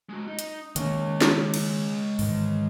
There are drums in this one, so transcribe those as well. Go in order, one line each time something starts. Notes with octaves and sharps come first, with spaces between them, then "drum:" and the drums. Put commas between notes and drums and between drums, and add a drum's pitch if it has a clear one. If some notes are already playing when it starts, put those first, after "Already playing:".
G#3 F#4
D#4
drum: hi-hat
D#3 G#3 A#3 C#4 C#5, drum: hi-hat
drum: snare
drum: cymbal
G#2 D#3 E3, drum: open hi-hat